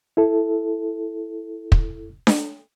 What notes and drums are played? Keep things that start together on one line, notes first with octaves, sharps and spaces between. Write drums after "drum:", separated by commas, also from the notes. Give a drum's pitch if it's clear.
E4 A4
drum: kick
drum: snare D4